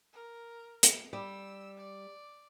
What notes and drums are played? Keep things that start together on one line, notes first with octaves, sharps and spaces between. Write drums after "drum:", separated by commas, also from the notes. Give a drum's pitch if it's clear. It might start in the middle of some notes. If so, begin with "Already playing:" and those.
A#4
drum: hi-hat
G3 E6
D5